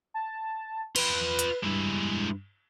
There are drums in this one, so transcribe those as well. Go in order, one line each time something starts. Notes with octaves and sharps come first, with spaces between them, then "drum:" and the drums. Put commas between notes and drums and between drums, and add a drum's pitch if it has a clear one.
A5
F4 B4 G5, drum: cymbal
drum: hi-hat
G2 G#3 E4